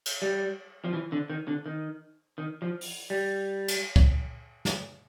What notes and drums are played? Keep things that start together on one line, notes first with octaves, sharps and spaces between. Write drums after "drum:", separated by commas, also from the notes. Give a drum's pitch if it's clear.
drum: cymbal
G3
F3
E3
D3
D#3
D3
D#3
D#3
F3
drum: open hi-hat
G3
drum: cymbal
drum: kick
drum: snare